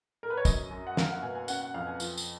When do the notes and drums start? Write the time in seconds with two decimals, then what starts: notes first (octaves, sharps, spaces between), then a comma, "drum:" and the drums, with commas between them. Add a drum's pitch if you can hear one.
0.23 A#4
0.30 B4
0.37 C#5
0.45 F#2 D#5, drum: kick, tambourine
0.71 F#2
0.87 F#5
0.97 A#3 F5, drum: snare
1.10 F#5
1.22 B2 G#5
1.35 G#5
1.48 C#4 F#5, drum: tambourine
1.62 F#5
1.74 F2 F5
1.87 G#5
2.00 F3, drum: tambourine
2.17 drum: tambourine